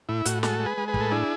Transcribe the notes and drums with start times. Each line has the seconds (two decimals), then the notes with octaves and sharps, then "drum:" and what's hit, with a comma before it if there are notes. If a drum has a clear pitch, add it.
0.09 A2 E4
0.25 A2 F#4, drum: hi-hat
0.43 G#3 F#4 A4, drum: snare
0.59 G#3
0.66 G#4 B4
0.78 G#3
0.88 G#4 B4
0.94 A2, drum: kick
1.01 A4
1.11 D4 E4 G#4